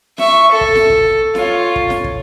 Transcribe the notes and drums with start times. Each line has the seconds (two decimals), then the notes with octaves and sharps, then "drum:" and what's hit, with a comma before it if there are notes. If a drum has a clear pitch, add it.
0.18 E5 C#6, drum: snare
0.52 A4
0.61 drum: kick
0.75 drum: snare
0.90 drum: kick
1.35 F4 C#5, drum: snare
1.76 drum: kick
1.90 drum: snare
2.04 drum: kick